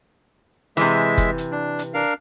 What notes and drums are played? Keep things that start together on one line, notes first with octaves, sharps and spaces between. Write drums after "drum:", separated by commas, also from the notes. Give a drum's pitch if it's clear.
C3 E3 G#3 E5, drum: hi-hat
drum: kick F#1, hi-hat
drum: hi-hat
D4
drum: hi-hat
D4 A#4 F5